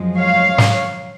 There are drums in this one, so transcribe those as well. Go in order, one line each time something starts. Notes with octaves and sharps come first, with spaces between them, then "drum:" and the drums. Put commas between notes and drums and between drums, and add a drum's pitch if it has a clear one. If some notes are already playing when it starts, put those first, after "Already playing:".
Already playing: F#2 F3 G#3
C#5 F5
drum: snare